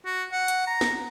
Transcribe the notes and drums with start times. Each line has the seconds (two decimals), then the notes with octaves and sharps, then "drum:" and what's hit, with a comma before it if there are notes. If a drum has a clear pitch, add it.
0.05 F#4
0.32 F#5
0.48 drum: hi-hat
0.67 A#5
0.81 drum: snare